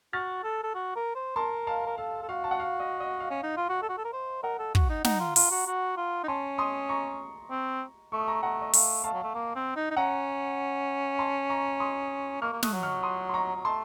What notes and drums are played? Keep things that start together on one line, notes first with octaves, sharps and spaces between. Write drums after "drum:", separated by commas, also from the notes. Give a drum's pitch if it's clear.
F#4 F6 A6
A4
A4
F#4
A#4
C5
A#4 A5 C6
F5 A5
A#4
A4 F5
A4
F#4 F5
A5
F#5
F5
D#5
D#5
F5
C#4
D#4
F4
F#4
A4
F#4
A4
A#4
C5
A#4 D#5 F#5
A4
F#4, drum: kick
D#4
D#4 F#5 A#5, drum: snare
F4
F4, drum: open hi-hat
F#4
F#4
F4
D#4
C#4 A5 C6
C6 D#6
A#5 C#6
C4
A3 C#6
D#6
A#5 C#6
A3 F#5 A#5
D#5
A3 F5, drum: open hi-hat
A3 F5 A5
F#3
A3
A#3
C4
D#4
D#4
C#4 F#5 A#5
A5 C6
A#5 C#6
C6 D#6
A#3 C#6 F6
A#3
A3 D#6 F#6, drum: snare
F#3
C#6 F6
C6 D#6
C6
A#5 C#6
F#3
A3 A5 C6